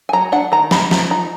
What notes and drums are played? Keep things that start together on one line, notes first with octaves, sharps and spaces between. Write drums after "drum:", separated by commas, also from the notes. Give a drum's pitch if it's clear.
G#5
F#3 A#5
D4 F#5
D#3 A#5
D#4 B5, drum: snare
F3 A#5, drum: snare
D#4 A#5